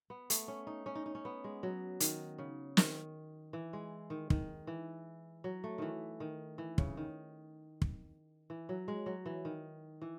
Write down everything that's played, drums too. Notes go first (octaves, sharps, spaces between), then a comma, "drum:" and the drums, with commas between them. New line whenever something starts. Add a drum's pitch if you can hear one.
B3
A3, drum: hi-hat
C#4
D#4
C#4
D#4
D#4
C#4
B3
G#3
F#3
D#3, drum: hi-hat
C#3
D#3, drum: snare
E3
G#3
D#3
D#3, drum: kick
E3
F#3
A3
D#3 E3
D#3
E3
C#3, drum: kick
D#3
drum: kick
E3
F#3
G#3
F#3
E3
D#3
E3